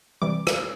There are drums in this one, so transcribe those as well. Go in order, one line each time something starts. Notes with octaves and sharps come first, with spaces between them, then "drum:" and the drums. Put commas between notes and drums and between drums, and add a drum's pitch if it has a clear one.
C3 E3 G3 D6
drum: rim click